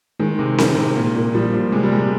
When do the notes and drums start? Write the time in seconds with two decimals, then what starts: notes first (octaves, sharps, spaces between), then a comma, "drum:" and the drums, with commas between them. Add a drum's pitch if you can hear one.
0.19 D#3 G#3
0.39 C3
0.58 D#3, drum: snare C4
0.77 C3
0.96 A#2
1.15 A#2
1.33 F3 G3
1.54 A#2
1.72 C3 G#3
1.83 G3
1.91 C3 G#3